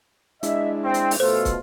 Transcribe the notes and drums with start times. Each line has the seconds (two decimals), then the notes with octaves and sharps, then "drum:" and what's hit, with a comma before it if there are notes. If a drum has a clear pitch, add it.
0.43 G#3 D4 E4 D#5 E5, drum: hi-hat
0.85 C4 G5
0.94 drum: hi-hat
1.11 drum: open hi-hat
1.20 B2 A3 F4 A4 C5
1.45 drum: kick, hi-hat